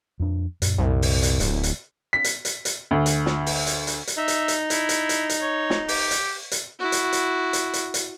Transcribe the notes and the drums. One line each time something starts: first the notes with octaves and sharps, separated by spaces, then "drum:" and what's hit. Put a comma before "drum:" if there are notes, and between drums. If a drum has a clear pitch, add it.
F2 D4
F#2 A#2, drum: hi-hat
C2
drum: open hi-hat
drum: hi-hat
D1, drum: hi-hat
drum: hi-hat
B6
drum: hi-hat
drum: hi-hat
drum: hi-hat
D2
drum: hi-hat
drum: snare
drum: open hi-hat
drum: hi-hat
drum: hi-hat
drum: hi-hat
D#4 E5
drum: hi-hat
drum: hi-hat
E4, drum: hi-hat
drum: hi-hat
drum: hi-hat
drum: hi-hat
C#5
drum: snare
G4, drum: open hi-hat
drum: hi-hat
drum: hi-hat
E4 F#4
drum: hi-hat
drum: hi-hat
drum: hi-hat
drum: hi-hat
drum: hi-hat